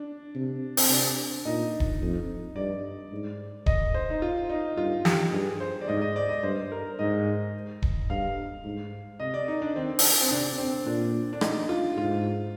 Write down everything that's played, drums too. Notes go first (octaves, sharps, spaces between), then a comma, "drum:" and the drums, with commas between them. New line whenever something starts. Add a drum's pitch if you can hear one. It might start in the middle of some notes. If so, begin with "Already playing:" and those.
Already playing: D4
C3
C4, drum: open hi-hat
C3 D4
A#2 D#4
drum: kick D#1
F2
G2 D5
G#2
D#5, drum: kick D#1
C5
D#4
F4
D#4
G2 F4
G4, drum: snare
G2 G#4
C5
D5
G#2 D#5
D#5
D5
D#5
G2 C5
A#4
G#2 D#5
drum: kick D#1
G2 F5
G#2
C3 D#5
D5
D#4
D4
D#3 C4
drum: open hi-hat
C4
C3 D4
C4
A#2 D4
D4
D#4, drum: rim click
F4
G#2 F4